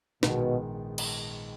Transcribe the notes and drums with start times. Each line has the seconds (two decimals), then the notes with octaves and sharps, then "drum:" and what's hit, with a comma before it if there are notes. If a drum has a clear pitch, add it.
0.23 A#1 G#2 B2 D#3 G#3 B3, drum: snare
0.98 drum: cymbal